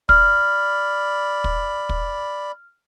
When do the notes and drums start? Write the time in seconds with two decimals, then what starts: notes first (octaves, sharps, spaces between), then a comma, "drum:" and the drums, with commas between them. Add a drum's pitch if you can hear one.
0.09 D5 B5 F6, drum: kick
1.44 drum: kick
1.89 drum: kick